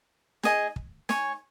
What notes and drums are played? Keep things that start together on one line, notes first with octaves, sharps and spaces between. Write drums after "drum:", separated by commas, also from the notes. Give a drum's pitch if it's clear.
G#4 D#5 G#5, drum: snare
drum: kick
C#5 G#5 C#6, drum: snare